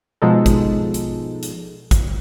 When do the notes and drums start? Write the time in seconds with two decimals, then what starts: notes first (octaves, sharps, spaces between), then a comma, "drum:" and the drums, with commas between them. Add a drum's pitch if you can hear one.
0.22 B2 F3 G#3 D#4 A4
0.46 drum: kick A1, hi-hat
0.94 drum: hi-hat
1.43 drum: hi-hat
1.91 drum: kick A1, hi-hat